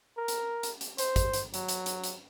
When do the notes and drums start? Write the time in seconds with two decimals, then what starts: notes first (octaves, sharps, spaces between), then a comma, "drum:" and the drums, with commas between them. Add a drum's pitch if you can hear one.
0.18 A#4
0.28 drum: hi-hat
0.63 drum: hi-hat
0.81 drum: hi-hat
0.98 C5, drum: hi-hat
1.16 drum: kick G#1, hi-hat
1.33 drum: hi-hat
1.54 F#3, drum: hi-hat
1.69 drum: hi-hat
1.86 drum: hi-hat
2.04 drum: hi-hat